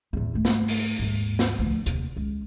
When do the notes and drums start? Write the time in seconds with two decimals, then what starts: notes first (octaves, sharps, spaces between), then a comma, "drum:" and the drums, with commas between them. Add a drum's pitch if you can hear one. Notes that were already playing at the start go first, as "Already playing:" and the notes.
0.13 E2 A2
0.34 G#2 A3
0.45 drum: snare
0.68 drum: open hi-hat
0.99 D#2 G#2
1.39 drum: snare
1.59 D2 F3
1.86 D#2 C3, drum: hi-hat
2.17 C#2